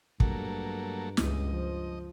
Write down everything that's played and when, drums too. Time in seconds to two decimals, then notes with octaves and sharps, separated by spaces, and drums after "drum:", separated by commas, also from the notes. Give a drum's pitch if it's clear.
0.20 G2 F#3 A3 A#3, drum: kick
1.17 C#2 E3 D#5, drum: snare
1.48 F3